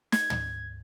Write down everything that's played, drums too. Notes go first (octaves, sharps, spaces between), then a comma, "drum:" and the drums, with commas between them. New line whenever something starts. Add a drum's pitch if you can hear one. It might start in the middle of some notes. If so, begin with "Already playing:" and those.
G#6, drum: snare
drum: tom